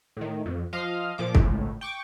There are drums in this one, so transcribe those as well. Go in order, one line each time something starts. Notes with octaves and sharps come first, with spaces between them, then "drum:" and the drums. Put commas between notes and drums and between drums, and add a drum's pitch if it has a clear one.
A2 D#3
F2
F3 D#5 F5
A#2 F3 D6
G#1 C#2 A2, drum: kick
G5 C#6 D6